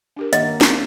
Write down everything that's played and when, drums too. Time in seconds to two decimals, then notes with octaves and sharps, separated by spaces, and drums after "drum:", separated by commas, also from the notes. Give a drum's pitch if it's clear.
0.17 D4 G4 A#4
0.33 D#3 A#3 D#5 E5 F#5, drum: hi-hat
0.61 C#4, drum: snare